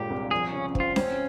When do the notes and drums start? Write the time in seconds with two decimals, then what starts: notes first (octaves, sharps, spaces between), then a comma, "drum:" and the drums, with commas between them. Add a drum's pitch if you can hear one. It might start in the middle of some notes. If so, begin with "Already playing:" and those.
Already playing: G1 A#2 G#3 G4
0.10 C2
0.31 F3 G#4
0.48 C#4
0.53 C#3
0.75 C4, drum: kick
0.80 F4
0.96 C4 C#4, drum: snare C#4